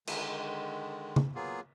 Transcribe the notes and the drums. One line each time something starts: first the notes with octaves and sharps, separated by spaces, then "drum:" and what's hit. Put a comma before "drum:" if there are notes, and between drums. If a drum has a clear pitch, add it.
D3 D#3 G#3, drum: cymbal
drum: tom C#3
F#3 A#3 B3 F4 G#4